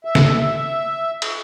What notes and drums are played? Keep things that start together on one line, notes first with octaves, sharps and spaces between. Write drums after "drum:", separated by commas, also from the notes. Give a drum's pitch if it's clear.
E5
drum: snare
drum: cymbal